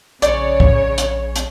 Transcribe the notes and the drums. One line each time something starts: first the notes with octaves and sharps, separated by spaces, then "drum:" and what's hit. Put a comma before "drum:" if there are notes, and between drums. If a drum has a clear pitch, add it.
A#1 C#3 C#5 D5, drum: hi-hat
drum: kick
drum: hi-hat
drum: hi-hat